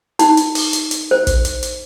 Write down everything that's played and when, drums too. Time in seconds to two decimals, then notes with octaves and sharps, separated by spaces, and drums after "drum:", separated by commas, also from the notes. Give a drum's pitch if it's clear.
0.19 D#4, drum: hi-hat
0.37 drum: hi-hat
0.55 drum: open hi-hat
0.73 drum: hi-hat
0.91 drum: hi-hat
1.11 C5
1.27 drum: kick, hi-hat
1.45 drum: hi-hat
1.63 drum: hi-hat